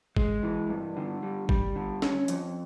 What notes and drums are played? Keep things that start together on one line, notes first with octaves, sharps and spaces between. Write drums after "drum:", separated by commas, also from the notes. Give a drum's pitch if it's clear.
G#3, drum: kick G1
E3
G2
D3
G3
G3, drum: kick G1
D3
C#4, drum: snare
F2, drum: hi-hat